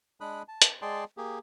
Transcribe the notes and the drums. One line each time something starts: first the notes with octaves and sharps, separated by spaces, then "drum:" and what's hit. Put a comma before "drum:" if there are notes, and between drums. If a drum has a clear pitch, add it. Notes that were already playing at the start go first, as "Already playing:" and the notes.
G#3 D4 B5 D#6 F#6
A5
drum: hi-hat
G#3 G#4 D5 G5 A5 C6
A#3 G4 G#4